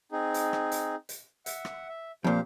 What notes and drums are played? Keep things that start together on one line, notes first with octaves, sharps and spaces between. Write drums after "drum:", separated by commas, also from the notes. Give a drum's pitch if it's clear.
C4 D#4 G#4
drum: hi-hat
drum: rim click
drum: hi-hat
drum: hi-hat
E5 F#5, drum: hi-hat
drum: rim click
E5
F2 A#2 G4 C5 F5